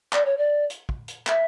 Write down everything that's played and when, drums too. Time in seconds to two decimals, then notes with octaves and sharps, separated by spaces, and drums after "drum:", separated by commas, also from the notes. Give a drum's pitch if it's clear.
0.13 D5, drum: clap
0.25 C#5
0.37 D5
0.70 drum: hi-hat
0.89 drum: kick
1.08 drum: hi-hat
1.27 E5, drum: clap